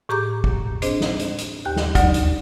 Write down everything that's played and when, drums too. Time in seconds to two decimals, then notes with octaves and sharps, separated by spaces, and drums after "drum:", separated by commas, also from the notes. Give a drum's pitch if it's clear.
0.09 A2 G4 G#4 A#5 D6 G6
0.44 drum: kick
0.82 C4 D4 G#4 C5 D#5, drum: hi-hat
1.01 drum: snare
1.20 drum: hi-hat
1.38 drum: hi-hat
1.65 D#2 G4 F#6
1.76 drum: snare
1.95 D2 F#3 D#4 D5, drum: kick, hi-hat
2.14 drum: hi-hat